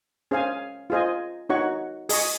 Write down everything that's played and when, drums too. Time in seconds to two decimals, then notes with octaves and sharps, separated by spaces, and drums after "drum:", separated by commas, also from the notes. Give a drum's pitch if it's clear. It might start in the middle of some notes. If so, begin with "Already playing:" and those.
0.31 C#4 G#4 C5 F5 G#5
0.90 F4 G#4 C5 D#5 G#5
1.49 D#4 F#4 C#5 F#5 C#6
2.09 G#4 D#5 G#5 C#6, drum: open hi-hat